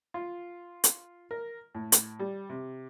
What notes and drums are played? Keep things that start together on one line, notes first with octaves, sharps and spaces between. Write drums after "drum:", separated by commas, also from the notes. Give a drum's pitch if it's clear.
F4
drum: hi-hat
A#4
A2
drum: hi-hat
G3
C3